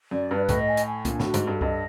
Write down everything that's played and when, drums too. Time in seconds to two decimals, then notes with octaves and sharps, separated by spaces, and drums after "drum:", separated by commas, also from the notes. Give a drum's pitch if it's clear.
0.11 F#2 D5
0.31 G2 B4
0.49 A2 D#5, drum: kick C2, hi-hat
0.68 G#5
0.77 drum: hi-hat
0.87 G#5
1.05 A#2 D4, drum: kick C2, hi-hat
1.20 A2 F#4, drum: snare
1.34 G#2, drum: hi-hat
1.42 G2 A4
1.61 G2 D#5, drum: kick C2